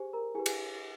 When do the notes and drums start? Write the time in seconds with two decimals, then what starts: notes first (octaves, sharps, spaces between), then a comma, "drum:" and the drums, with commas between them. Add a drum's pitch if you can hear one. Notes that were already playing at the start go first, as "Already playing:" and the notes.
Already playing: G4 G#4 C5 G#5
0.13 A#4 A#5
0.35 E4 G4 G#4 B4 G#5
0.46 G#4 G#5, drum: cymbal